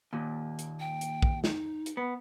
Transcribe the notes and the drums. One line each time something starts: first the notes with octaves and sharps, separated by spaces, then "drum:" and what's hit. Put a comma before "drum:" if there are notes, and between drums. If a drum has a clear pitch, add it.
D#2 A#2
drum: hi-hat
G5
drum: hi-hat
drum: kick
D#4, drum: snare
drum: hi-hat
B3